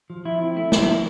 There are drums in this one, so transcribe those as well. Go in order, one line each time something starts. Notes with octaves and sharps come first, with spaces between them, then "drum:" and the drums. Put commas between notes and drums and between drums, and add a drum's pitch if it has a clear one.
F3
F3 E4
C4
A3 E4
F3, drum: snare
F3